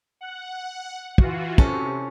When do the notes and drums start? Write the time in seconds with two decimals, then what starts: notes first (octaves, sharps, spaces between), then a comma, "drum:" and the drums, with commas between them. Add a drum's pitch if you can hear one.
0.21 F#5
1.18 E3 F4 F#4, drum: kick
1.58 C3 C#4 A4, drum: kick